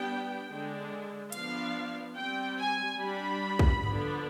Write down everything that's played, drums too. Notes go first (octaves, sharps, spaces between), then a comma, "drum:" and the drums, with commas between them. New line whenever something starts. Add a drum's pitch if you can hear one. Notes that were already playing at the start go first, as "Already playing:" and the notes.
Already playing: G3 B3 D4 G5
D3 G#3 D4
F3 B3 D4 F5, drum: hi-hat
G3 C4 G5
G#5
G3 D4 B5
drum: kick
D3 F3 B3 D4, drum: tom G2